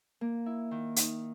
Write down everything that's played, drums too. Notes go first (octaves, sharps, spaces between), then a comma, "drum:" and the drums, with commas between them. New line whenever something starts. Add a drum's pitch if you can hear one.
A#3
E4
D#3
D#4, drum: hi-hat